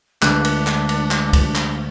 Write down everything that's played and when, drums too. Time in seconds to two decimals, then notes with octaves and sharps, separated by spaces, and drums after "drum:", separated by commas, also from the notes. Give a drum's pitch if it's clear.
0.22 D2 D3 G#3 D4 B4 A5 F#6, drum: clap
0.45 drum: cymbal
0.67 drum: clap
0.89 drum: cymbal
1.11 drum: clap
1.33 drum: kick, cymbal
1.55 drum: clap